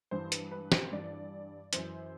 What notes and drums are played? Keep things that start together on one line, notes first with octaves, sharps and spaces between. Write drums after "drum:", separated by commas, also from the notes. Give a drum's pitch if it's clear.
G2 E3 C5
B4, drum: hi-hat
B4
C5, drum: snare
G2 E3 D5
F#2 E3 C5, drum: hi-hat